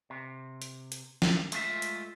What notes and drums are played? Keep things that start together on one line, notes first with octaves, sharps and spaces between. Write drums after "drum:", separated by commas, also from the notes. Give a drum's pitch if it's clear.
C3
drum: hi-hat
drum: hi-hat
drum: snare
G#3 A3 F4 E5, drum: hi-hat
drum: hi-hat